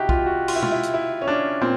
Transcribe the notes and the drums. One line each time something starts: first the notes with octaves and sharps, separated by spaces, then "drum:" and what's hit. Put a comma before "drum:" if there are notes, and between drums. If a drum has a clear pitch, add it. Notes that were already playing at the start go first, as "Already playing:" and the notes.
Already playing: C3 D#4 E4 F#4 G4
F4, drum: kick
F#4
F4, drum: cymbal
E4
F4, drum: tom B2
E4
drum: hi-hat
E4
C#4
D4
A#2 C4